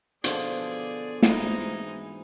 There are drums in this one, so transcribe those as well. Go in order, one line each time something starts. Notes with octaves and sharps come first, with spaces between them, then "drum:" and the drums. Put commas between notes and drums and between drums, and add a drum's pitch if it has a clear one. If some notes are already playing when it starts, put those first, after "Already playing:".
B2 D3 F3 G#4 D5, drum: hi-hat
G#2 E3 G#3 D#4, drum: snare